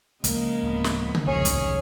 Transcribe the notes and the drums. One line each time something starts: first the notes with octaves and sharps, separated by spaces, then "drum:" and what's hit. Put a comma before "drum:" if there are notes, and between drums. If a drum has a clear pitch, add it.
C#3 F3 G#3 A#3, drum: kick, hi-hat
D1 F3 B3
drum: snare
drum: tom C#3
E1 C2 G#2 D#3 F3 C#4 G#4 C#5
drum: kick, hi-hat